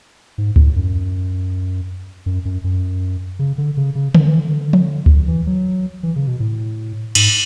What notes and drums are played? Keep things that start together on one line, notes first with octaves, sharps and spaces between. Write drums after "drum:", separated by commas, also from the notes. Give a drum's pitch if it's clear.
G#2
A2, drum: kick D2
F#2
F#2
F#2
F#2
C#3
D3
C#3
C#3
D3, drum: tom D3
E3
D3
drum: tom F3
drum: kick D2
E3
F#3
E3
C#3
B2
A2
G#2, drum: cymbal